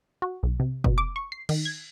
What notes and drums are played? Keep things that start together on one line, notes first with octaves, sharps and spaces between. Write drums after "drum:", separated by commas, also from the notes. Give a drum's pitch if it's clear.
F#4
B1
C3
B2, drum: kick
D6
C#6
C7
D#3, drum: cymbal
G#6